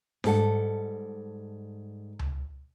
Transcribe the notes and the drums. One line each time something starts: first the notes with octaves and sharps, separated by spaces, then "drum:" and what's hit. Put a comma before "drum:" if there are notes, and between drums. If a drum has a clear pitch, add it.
G#2 G3 A4 F#5, drum: snare D4
drum: tom C#2